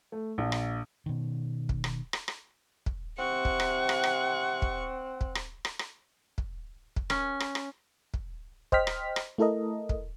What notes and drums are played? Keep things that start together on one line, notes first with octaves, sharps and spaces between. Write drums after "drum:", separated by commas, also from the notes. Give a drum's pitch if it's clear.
A3
A#1
drum: rim click
B2 D#3
drum: kick
drum: rim click
drum: rim click
drum: rim click
drum: kick
C3 C4 F#5 C#6
drum: kick
drum: rim click
drum: rim click
drum: rim click
drum: kick
drum: kick
drum: rim click
drum: rim click
drum: rim click
drum: kick
drum: kick
C#4, drum: rim click
drum: rim click
drum: rim click
drum: kick
C5 D#5 G5 F6 B6, drum: kick
drum: rim click
drum: rim click
A3 E4 A4 A#4 D#5
drum: kick